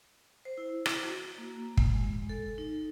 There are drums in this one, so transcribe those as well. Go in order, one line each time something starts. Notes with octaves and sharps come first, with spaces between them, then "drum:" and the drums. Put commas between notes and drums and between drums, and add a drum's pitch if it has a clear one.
C5
E4
drum: rim click
F#4
A#3
G#3, drum: kick
A4
D#4